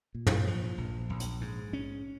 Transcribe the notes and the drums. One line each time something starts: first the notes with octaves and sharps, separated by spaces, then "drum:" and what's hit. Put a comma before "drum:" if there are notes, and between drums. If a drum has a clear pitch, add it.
A#2
drum: tom
F3
A#1
A#1
drum: hi-hat
G#2
C#4